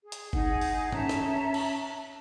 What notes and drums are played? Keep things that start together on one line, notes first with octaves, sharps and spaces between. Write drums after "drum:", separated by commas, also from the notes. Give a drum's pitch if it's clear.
G#4
drum: hi-hat
D#4 G#4 F#5 G#5, drum: kick G1
drum: open hi-hat
C#4 E5 A5 A#5, drum: tom G2
drum: snare
drum: cymbal